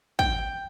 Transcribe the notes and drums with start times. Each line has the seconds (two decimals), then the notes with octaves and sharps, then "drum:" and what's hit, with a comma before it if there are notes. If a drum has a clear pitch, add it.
0.19 G5, drum: kick